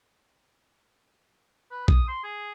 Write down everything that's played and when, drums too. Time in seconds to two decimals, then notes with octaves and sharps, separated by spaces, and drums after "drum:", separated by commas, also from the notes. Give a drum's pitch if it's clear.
1.71 B4
1.88 D#6, drum: kick
2.08 C6
2.24 G#4